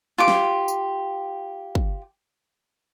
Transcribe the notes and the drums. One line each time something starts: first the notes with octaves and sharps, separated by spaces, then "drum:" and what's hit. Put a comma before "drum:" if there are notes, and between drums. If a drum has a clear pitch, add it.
F4 G4 D6
drum: snare
drum: tambourine
drum: kick